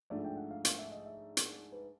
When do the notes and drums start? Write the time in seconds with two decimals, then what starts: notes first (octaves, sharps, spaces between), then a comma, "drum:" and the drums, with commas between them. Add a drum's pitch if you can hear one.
0.10 G#2 F3 A3 D4 D5
0.25 G5
0.37 F#5
0.51 F5
0.65 F5, drum: hi-hat
0.79 E5
0.91 D#5
1.06 E5
1.37 drum: hi-hat
1.72 B4